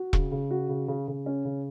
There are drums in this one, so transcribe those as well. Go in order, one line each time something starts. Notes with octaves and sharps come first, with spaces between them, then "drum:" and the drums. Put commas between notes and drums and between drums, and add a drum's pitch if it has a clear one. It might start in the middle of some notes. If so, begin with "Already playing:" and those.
Already playing: F#4
C#3, drum: kick E1
C#3
F#4
C#3
C#3
C#3
C#4
C#3